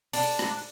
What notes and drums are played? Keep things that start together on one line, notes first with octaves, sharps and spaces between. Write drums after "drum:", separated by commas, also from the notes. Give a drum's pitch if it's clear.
D4, drum: open hi-hat
drum: rim click